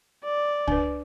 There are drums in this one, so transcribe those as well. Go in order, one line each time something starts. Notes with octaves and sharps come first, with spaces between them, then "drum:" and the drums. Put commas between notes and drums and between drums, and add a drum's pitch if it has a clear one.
D5
D4 B4, drum: kick